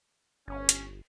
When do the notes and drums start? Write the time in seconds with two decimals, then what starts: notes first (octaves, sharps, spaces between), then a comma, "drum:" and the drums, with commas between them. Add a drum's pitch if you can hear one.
0.48 G1 C#4
0.69 drum: hi-hat